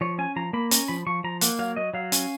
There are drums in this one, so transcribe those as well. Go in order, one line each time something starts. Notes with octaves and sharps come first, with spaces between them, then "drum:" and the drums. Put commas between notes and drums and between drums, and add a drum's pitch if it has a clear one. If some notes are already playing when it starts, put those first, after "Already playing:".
F3 C#5
C#4 G#5
F3 A#5
A#3 B5
C#4 A#5, drum: hi-hat
F3 B5
F3 C#6
F3 A#5
A#3 F#5, drum: hi-hat
F#3 F5
F#3 D#5
F#3 F5
C#4, drum: hi-hat